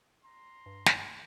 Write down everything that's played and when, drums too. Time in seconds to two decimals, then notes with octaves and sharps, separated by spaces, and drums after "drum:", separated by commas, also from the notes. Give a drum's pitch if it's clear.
0.25 A#5 C6
0.66 G2
0.86 drum: snare